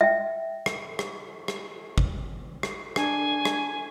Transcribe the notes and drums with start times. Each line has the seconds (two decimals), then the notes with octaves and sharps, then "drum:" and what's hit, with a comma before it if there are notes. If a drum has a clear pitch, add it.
0.01 E5 G5
0.66 drum: rim click
0.99 drum: rim click
1.48 drum: rim click
1.98 drum: kick G#1
2.63 drum: rim click
2.96 D4 G#5, drum: rim click
3.45 drum: rim click